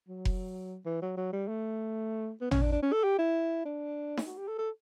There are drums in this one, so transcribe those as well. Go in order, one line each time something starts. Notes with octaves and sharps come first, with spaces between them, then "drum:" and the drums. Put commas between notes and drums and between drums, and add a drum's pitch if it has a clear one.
F#3
drum: kick F1
E3
F#3
F#3
G3
A3
B3
C#4, drum: tom
D4
D4
C#4
A4
G4
E4
D4
drum: snare D#4
F#4
G4
A4
A4